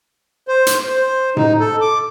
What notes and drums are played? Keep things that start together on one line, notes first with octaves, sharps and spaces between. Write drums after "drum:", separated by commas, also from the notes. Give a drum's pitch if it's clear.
C5
drum: hi-hat
C5
D#4, drum: tom A2
A4
D6